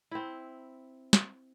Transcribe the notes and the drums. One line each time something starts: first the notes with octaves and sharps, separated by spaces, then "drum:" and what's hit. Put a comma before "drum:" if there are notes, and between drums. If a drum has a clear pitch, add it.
C4 E4
drum: snare